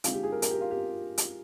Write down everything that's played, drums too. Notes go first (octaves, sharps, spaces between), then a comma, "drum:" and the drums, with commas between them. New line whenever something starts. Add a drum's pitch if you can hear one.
D3 G#3 C4 D#4 F4, drum: hi-hat
G4
G#4
A#4
A#4, drum: hi-hat
G4
F4
G4
drum: hi-hat